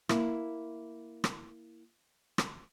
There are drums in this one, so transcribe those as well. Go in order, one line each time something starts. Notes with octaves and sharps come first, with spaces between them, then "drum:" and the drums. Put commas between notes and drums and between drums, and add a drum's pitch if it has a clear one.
A#3 E4, drum: rim click
drum: rim click
drum: rim click